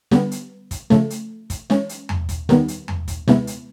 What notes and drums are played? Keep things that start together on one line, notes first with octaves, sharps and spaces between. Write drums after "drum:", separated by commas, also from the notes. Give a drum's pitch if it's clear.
D3 G3 B3, drum: snare
drum: hi-hat
drum: kick, hi-hat
C#3 F3 A3, drum: snare
drum: hi-hat
drum: kick, hi-hat
E3 G#3 C#4, drum: snare
drum: hi-hat
drum: tom E2
drum: kick, hi-hat
D#3 G3 B3, drum: snare
drum: hi-hat
drum: tom E2
drum: kick, hi-hat
C3 E3 G#3 B3 E4, drum: snare
drum: hi-hat